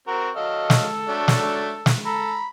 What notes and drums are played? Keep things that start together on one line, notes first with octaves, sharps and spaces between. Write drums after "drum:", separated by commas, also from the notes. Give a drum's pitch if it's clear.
C4 F#4 A#4 A#5
F#3 A4 D#5 F5
drum: snare
F#3 A3 D4
drum: snare
drum: snare
A4 A#5 B5